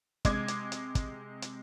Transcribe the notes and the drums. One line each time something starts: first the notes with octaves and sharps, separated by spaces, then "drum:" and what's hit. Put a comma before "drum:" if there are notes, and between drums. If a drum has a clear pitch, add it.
C3 G#3 D6 G#6, drum: kick, hi-hat
drum: hi-hat
drum: hi-hat
drum: kick, hi-hat
drum: hi-hat